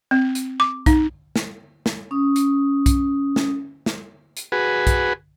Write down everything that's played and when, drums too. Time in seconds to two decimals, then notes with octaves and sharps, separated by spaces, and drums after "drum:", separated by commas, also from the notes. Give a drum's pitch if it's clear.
0.11 C4
0.35 drum: hi-hat
0.60 D6
0.86 D#4, drum: kick B1, hi-hat
1.36 drum: snare
1.86 drum: snare
2.11 C#4 D#6
2.36 drum: hi-hat
2.86 drum: kick B1, hi-hat
3.36 drum: snare
3.86 drum: snare
4.37 drum: hi-hat
4.52 F#4 G#4 B4
4.87 drum: kick B1, hi-hat